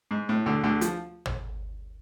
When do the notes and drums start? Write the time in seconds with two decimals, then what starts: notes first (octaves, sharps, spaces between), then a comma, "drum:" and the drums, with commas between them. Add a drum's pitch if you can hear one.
0.11 G#2
0.29 A2
0.46 D2 D3
0.64 D2 D3
0.81 F3, drum: hi-hat
1.26 drum: tom